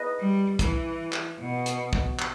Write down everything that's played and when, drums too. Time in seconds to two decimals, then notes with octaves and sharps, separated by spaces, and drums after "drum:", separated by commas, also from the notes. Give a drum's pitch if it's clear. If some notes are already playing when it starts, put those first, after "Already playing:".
Already playing: B4 D#5
0.20 G3
0.59 E3, drum: kick, hi-hat
1.13 drum: clap
1.40 B2
1.66 drum: hi-hat
1.93 drum: kick
2.19 drum: clap